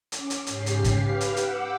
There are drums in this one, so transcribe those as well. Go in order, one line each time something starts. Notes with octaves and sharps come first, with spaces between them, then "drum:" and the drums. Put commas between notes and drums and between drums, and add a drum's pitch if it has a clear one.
C#4 D6, drum: hi-hat
drum: hi-hat
G#2 C#3 C#4 G4 C7, drum: hi-hat
drum: hi-hat
drum: kick, hi-hat
G4 B4 F5
drum: hi-hat
F#5 G5 D6 E6, drum: hi-hat